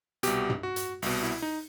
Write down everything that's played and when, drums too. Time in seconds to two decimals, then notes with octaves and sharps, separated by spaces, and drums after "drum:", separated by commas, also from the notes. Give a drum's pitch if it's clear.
0.23 C2 B2 G4, drum: hi-hat
0.50 drum: tom
0.63 F#4
0.76 drum: hi-hat
1.02 C2 B2, drum: open hi-hat
1.23 E4
1.42 D#4